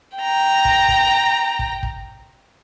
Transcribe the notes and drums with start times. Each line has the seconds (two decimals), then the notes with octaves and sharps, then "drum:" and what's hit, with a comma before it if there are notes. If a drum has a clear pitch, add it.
0.18 G5 A#5
0.65 drum: kick
0.89 drum: kick
1.59 drum: kick
1.83 drum: kick